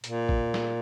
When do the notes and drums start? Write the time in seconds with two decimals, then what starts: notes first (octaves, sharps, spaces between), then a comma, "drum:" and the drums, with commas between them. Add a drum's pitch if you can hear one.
0.04 A#2, drum: hi-hat
0.29 drum: kick
0.54 drum: snare